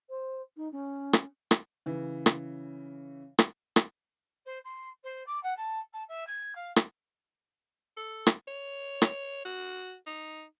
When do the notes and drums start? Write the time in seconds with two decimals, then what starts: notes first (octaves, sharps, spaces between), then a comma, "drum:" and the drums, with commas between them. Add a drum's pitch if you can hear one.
0.09 C5
0.57 D#4
0.72 C#4
1.13 drum: rim click
1.51 drum: rim click
1.86 C#3 E3
2.26 drum: rim click
3.38 drum: rim click
3.76 drum: rim click
4.45 C5
4.64 C6
5.03 C5
5.26 D6
5.43 F#5
5.56 A5
5.93 A5
6.08 E5
6.27 G#6
6.55 F5
6.76 drum: rim click
7.97 A4
8.26 drum: rim click
8.48 C#5
9.02 drum: rim click
9.45 F#4
10.07 D#4